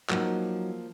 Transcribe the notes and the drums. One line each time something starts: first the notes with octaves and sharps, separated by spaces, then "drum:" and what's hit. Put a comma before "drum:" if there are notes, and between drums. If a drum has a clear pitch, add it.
F3 F#3 A#3 D#4, drum: clap